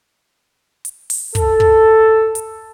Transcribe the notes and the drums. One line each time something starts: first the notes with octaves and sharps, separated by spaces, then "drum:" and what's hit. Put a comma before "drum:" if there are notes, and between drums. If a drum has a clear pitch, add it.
drum: hi-hat
drum: open hi-hat
A4, drum: kick, hi-hat
drum: kick
drum: hi-hat